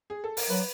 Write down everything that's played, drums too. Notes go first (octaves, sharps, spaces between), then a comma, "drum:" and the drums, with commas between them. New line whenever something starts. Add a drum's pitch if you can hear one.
G#4
A4
A#4, drum: open hi-hat
F#3 B4